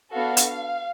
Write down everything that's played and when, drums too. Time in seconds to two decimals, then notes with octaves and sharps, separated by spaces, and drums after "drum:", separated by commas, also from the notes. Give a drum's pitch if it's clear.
0.14 B3 D4 F#4 A4 F5
0.37 drum: hi-hat
0.47 F5